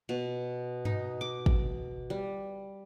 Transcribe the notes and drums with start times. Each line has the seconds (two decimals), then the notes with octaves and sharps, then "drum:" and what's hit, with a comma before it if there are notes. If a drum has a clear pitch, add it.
0.09 B2
0.85 D#4, drum: tom G2
1.21 D6
1.46 drum: kick
2.10 G3